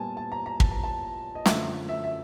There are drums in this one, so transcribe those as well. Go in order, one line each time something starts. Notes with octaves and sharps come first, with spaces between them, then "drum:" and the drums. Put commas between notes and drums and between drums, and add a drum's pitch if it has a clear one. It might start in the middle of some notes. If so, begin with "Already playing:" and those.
Already playing: A#2 G3 B3 G#5 A5
A5
A#5
A#5
A5, drum: kick
A#5
A5
D#5
F#2 D3 F3 A3 E5, drum: snare
E5
E5